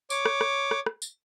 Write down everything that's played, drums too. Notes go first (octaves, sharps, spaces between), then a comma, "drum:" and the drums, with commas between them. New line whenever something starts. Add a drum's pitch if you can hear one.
C#5 D6, drum: tambourine
drum: rim click
drum: rim click
drum: rim click
drum: rim click
drum: tambourine